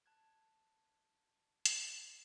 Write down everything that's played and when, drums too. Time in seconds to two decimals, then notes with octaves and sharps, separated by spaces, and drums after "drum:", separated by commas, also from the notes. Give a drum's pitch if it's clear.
0.06 A5 F#6 G#6
1.66 drum: hi-hat